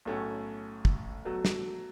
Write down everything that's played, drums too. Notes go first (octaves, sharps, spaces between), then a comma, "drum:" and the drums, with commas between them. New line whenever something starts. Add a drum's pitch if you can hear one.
B1 A2 A3 C#4
drum: kick
B2 F#3 A3
drum: snare